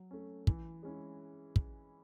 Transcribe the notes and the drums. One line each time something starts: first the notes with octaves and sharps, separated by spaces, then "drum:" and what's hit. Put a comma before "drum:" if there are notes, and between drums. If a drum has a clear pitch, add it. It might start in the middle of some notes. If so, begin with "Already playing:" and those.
Already playing: F#3
A3 C#4
E3, drum: kick
G#3 C#4 E4
drum: kick